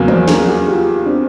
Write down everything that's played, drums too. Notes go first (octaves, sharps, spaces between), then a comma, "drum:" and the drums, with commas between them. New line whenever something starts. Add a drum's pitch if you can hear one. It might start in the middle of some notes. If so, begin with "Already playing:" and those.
Already playing: E2 C#3 F#3 A#3
C5 D5, drum: tom E3
G#4 A#4, drum: snare
F#4 G#4
F4 G4
C4 D4